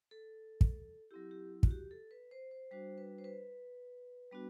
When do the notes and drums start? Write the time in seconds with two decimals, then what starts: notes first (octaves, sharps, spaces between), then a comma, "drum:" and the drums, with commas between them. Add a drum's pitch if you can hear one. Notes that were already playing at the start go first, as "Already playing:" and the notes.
0.11 A4
0.61 drum: kick
1.11 F#3 C4 E4 G4
1.31 G4
1.63 F#4, drum: kick
1.71 G4
1.91 A4
2.11 B4
2.31 C5
2.51 C5
2.71 G3 D4 F#4 C5
2.98 B4
3.19 C5
3.24 B4
4.32 G3 B3 D4 F#4